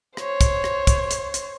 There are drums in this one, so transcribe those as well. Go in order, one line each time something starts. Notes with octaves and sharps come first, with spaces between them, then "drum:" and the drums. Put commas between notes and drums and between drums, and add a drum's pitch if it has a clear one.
C5 C#5, drum: rim click
drum: kick, hi-hat
drum: rim click
drum: kick, hi-hat
drum: hi-hat
drum: hi-hat